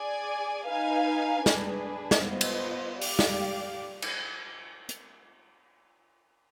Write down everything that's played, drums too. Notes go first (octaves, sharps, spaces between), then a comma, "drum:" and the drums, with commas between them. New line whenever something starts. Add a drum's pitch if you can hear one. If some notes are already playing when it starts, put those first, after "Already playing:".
Already playing: G#4 D5 G#5
D#4 B4 F5 G#5
D4 G#4 B4, drum: snare
drum: snare
B3 F4 C5 D#5
drum: cymbal
G4 D5 F5, drum: open hi-hat
drum: snare
drum: cymbal
drum: hi-hat